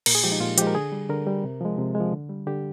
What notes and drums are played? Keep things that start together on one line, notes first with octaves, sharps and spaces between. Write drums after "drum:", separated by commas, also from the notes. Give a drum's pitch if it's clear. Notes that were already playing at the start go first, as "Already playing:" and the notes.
A#2 A#4, drum: cymbal
G#4
F3 G#3 G4
D#4
A#2 F4
F3 G#3 G4, drum: hi-hat
A#4
D3 G#4
G3
D3 A#4
G3
C3
F3 G#3
C3
G#3
F3
D3
G3
D3 G4